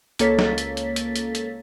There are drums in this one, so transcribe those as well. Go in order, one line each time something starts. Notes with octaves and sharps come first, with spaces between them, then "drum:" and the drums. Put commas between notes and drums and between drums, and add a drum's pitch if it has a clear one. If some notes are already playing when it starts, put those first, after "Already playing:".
C#2 A#3 A4 C#5 A6 B6, drum: hi-hat
drum: snare
drum: hi-hat
drum: hi-hat
drum: hi-hat
drum: hi-hat
drum: hi-hat